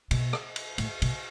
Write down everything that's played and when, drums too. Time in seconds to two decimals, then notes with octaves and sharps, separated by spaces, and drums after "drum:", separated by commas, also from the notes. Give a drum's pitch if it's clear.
0.11 B2, drum: cymbal
0.33 drum: rim click
0.56 drum: cymbal
0.78 A2, drum: cymbal
1.02 B2, drum: cymbal